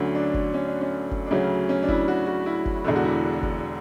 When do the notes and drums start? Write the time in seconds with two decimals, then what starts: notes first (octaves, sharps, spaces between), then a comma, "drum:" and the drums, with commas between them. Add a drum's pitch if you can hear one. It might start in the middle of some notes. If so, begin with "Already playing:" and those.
Already playing: D2 D3 F#3 C#4
0.15 D4
0.34 drum: kick F#1
0.54 C#4
0.67 D4
0.81 C#4
1.11 drum: kick F#1
1.26 D4
1.31 D2 C#3 F#3 C#4
1.69 C#4
1.83 D4
1.88 E4, drum: kick F#1
2.08 F#4
2.27 F#4
2.46 E4
2.66 drum: kick F#1
2.84 E1 E2 D3 D4
2.96 F#4
3.04 E4
3.43 drum: kick F#1